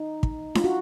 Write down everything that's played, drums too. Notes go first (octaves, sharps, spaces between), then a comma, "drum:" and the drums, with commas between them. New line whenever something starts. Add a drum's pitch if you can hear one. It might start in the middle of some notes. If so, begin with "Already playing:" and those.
Already playing: D#4
drum: kick
F4, drum: snare D4
F#4